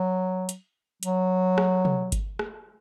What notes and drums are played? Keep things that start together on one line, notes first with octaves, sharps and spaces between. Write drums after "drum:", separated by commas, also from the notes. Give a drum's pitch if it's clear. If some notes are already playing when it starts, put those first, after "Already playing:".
Already playing: F#3
drum: hi-hat
F#3, drum: hi-hat
drum: rim click
drum: tom
drum: kick G1, hi-hat
drum: rim click